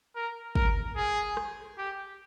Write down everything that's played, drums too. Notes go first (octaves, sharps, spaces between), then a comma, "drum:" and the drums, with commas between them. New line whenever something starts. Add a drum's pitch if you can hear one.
A#4
A#4, drum: kick
G#4
drum: rim click
G4